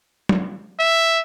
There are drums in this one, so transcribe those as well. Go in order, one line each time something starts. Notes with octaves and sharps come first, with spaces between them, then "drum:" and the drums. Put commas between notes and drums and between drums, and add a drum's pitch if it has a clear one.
drum: tom F#3
E5